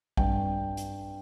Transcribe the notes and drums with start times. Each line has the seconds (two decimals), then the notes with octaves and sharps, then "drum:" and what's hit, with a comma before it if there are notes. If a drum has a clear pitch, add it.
0.17 G2 G5, drum: kick
0.77 drum: hi-hat